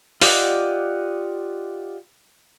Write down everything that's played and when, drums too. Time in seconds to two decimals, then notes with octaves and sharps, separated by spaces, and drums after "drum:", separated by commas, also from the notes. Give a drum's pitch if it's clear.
0.22 F4 G4 D5 D#5 F#5, drum: open hi-hat